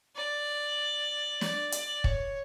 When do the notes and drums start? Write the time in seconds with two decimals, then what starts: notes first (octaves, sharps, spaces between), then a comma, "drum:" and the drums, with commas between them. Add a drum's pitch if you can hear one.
0.15 D5
1.41 D5, drum: snare
1.72 D5, drum: hi-hat
2.04 C#5, drum: kick